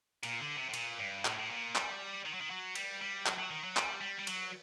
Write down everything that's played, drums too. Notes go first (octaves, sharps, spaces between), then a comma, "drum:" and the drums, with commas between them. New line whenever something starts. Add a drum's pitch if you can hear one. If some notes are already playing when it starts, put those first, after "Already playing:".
A#2, drum: cymbal
D3
C3
A2
A#2, drum: cymbal
G2
A2, drum: clap
A2
A#2
G3, drum: clap
D#3
F#3
D#3
F#3
G3, drum: cymbal
G3
F#3, drum: clap
F#3
D#3
F#3
G3, drum: clap
G3
G3
F#3, drum: cymbal